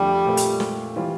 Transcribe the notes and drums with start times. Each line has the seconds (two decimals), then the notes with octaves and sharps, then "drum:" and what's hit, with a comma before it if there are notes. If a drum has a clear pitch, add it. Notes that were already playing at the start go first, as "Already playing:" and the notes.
Already playing: F2 D3 F3 G3 A3
0.26 A#2 A3 C4 G4
0.37 drum: hi-hat
0.60 drum: snare
0.96 E3 G3 C4 F4